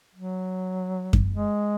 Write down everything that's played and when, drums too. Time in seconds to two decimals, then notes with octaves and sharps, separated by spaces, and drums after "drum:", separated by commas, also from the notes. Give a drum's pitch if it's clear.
0.15 F#3
1.13 drum: kick F#2
1.33 G#3